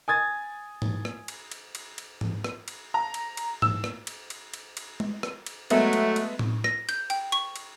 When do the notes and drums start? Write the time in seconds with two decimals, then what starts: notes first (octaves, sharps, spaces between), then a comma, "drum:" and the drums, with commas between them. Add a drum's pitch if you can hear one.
0.08 G#5 D#6 G#6 A6
0.82 drum: tom G#2
1.05 drum: rim click
1.28 drum: cymbal
1.51 drum: cymbal
1.75 drum: cymbal
1.98 drum: cymbal
2.21 drum: tom G#2
2.44 drum: rim click
2.68 drum: cymbal
2.94 A#5
3.14 drum: cymbal
3.37 drum: cymbal
3.62 E6, drum: tom G#2
3.84 drum: rim click
4.07 drum: cymbal
4.30 drum: cymbal
4.54 drum: cymbal
4.77 drum: cymbal
5.00 drum: tom G#3
5.23 drum: rim click
5.46 drum: cymbal
5.70 F#3 G#3 A3 B3 E5, drum: cymbal
5.93 drum: cymbal
6.16 drum: cymbal
6.39 drum: tom A2
6.64 A#6, drum: rim click
6.89 G6, drum: cymbal
7.10 G5, drum: cymbal
7.32 C#6, drum: cymbal
7.56 drum: cymbal